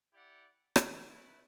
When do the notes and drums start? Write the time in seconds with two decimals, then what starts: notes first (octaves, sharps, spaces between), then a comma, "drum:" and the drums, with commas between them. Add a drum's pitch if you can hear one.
0.13 E4 G4 D5 F#5
0.76 drum: rim click
1.07 A3 E4 B4